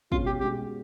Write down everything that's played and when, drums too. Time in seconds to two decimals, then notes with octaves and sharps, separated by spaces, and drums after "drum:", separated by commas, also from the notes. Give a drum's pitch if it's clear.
0.12 B2 G#3 C#4 F4 F#4, drum: kick
0.26 G4
0.40 B2 G#3 C#4 F#4 G4